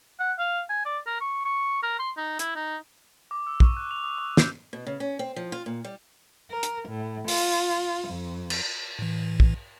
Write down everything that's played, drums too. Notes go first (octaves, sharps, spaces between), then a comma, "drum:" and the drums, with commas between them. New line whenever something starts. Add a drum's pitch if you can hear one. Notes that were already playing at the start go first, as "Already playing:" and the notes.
F#5
F5
G#5
D5
A#4
C#6
C#6
A#4
C6
D#4
E4, drum: hi-hat
D#4
D6
E6
C#6, drum: kick
F#6
F7
D#6
C#6
G6, drum: snare
B2
C#3
C#4
C4
F3
F4
A#2
G3
A#4
drum: hi-hat
A2
F4, drum: open hi-hat
F2
drum: cymbal
A2 E3
drum: kick